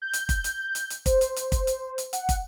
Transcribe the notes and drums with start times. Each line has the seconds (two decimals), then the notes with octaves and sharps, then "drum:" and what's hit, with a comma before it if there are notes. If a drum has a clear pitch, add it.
0.02 G6
0.13 drum: hi-hat
0.29 drum: kick, hi-hat
0.44 drum: hi-hat
0.75 drum: hi-hat
0.90 drum: hi-hat
1.06 C5, drum: kick, hi-hat
1.21 drum: hi-hat
1.36 drum: hi-hat
1.52 drum: kick, hi-hat
1.67 drum: hi-hat
1.98 drum: hi-hat
2.13 F#5, drum: hi-hat
2.29 drum: kick, hi-hat